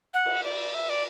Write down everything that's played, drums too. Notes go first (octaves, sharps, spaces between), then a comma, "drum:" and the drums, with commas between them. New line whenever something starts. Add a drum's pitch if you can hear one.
F#5
drum: cymbal
D5
E5
D5